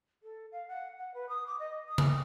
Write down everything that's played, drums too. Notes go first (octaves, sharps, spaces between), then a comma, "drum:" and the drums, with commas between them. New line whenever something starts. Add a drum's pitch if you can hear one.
A4
F5
F#5
F#5
B4
D#6
D6
D#5
D#6
drum: tom C#3